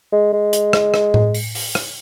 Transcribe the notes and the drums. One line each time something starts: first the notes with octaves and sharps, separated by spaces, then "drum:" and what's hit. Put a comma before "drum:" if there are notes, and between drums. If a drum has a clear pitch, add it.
G#3
G#3
drum: hi-hat
drum: rim click
drum: rim click
drum: tom A2
drum: open hi-hat
drum: open hi-hat
drum: rim click